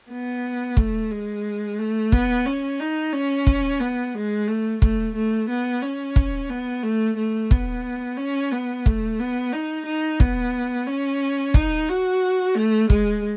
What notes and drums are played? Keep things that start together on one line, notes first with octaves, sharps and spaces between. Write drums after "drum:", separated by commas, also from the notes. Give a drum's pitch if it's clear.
B3
A3, drum: kick
G#3
A3
B3, drum: kick
C#4
D#4
C#4
drum: kick
B3
G#3
A3
A3, drum: kick
A3
B3
C#4
drum: kick
B3
A3
A3
B3, drum: kick
C#4
B3
A3, drum: kick
B3
D#4
D#4
B3, drum: kick
C#4
D#4, drum: kick
F#4
A3
G#3, drum: kick